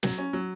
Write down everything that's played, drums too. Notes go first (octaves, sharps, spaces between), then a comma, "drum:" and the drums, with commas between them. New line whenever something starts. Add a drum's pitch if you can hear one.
F#3, drum: snare
C#4
F#3